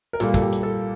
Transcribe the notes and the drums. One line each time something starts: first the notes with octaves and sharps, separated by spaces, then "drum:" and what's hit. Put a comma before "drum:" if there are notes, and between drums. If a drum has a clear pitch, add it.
A#4
A#2 G3 A#3 A4, drum: hi-hat
A4, drum: kick, hi-hat
G4
drum: hi-hat
A4